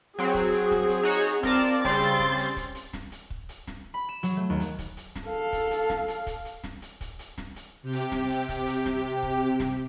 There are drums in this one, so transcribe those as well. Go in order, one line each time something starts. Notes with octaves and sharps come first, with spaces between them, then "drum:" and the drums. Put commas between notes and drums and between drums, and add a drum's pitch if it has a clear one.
F#3 C4 G#4
drum: kick C#1, hi-hat
drum: hi-hat
drum: snare
drum: hi-hat
D#4 F#4 C#5
drum: hi-hat
C4 F4 A#4 D5 A5, drum: snare
drum: hi-hat
C#3 G3 C4 C6 A6, drum: kick C#1, hi-hat
drum: hi-hat
drum: snare
drum: hi-hat
drum: kick C#1, hi-hat
drum: hi-hat
drum: snare
drum: hi-hat
drum: kick C#1
drum: hi-hat
drum: snare
B5
E7
F#3, drum: hi-hat
A3
D#2
drum: hi-hat
drum: kick C#1, hi-hat
drum: hi-hat
drum: snare
A4 F5
drum: kick C#1, hi-hat
drum: hi-hat
drum: snare
drum: hi-hat
drum: kick C#1, hi-hat
drum: hi-hat
drum: snare
drum: hi-hat
drum: kick C#1, hi-hat
drum: hi-hat
drum: snare
drum: hi-hat
C3 G4
drum: hi-hat
drum: snare
drum: hi-hat
drum: kick C#1, hi-hat
drum: hi-hat
drum: snare
drum: kick C#1
drum: snare